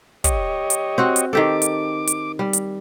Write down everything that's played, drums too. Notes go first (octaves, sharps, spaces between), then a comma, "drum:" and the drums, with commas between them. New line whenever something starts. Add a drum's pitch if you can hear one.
G4 C#5 D#5, drum: kick, hi-hat
drum: hi-hat
C4 F#4
drum: hi-hat
D#3 G4 A4 D6
drum: hi-hat
drum: hi-hat
G3
drum: hi-hat